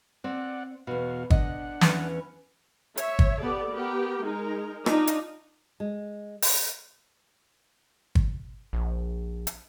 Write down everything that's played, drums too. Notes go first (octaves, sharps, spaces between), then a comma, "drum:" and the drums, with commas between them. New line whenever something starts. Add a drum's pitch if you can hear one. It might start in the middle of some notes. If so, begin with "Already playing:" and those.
C4 D5 F#5
E2 B2 F#4 F5
D4 D#5 F#5, drum: kick
E2 E3 C#4, drum: snare
C#5 E5, drum: hi-hat
drum: kick
B3 G4 A4 D5
B3 G4 A#4
G#3 D#4 A#4
D4 D#4 F4, drum: rim click
drum: hi-hat
G#3
drum: open hi-hat
drum: kick
A#1
drum: hi-hat